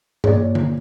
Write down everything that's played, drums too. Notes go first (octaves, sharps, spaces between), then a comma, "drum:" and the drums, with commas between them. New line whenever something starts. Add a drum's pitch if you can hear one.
A#2 G#4 C#5 D5, drum: tom G2
drum: tom D3